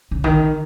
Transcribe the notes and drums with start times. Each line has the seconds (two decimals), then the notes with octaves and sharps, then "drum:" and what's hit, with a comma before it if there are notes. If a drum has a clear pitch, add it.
0.11 C#3
0.24 D#3, drum: kick A1